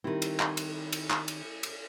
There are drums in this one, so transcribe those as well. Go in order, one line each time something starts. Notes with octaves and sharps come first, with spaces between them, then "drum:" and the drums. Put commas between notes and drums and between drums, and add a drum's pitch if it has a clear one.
D#3 G3 C4 E4
drum: cymbal
drum: clap
drum: cymbal
drum: cymbal
drum: clap
drum: cymbal
drum: cymbal